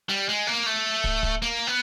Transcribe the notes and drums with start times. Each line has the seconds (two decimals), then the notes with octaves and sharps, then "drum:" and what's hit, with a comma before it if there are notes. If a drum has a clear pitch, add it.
0.09 G3
0.29 G#3
0.47 A#3
0.66 A3
1.04 drum: kick
1.23 drum: kick
1.42 A#3
1.67 B3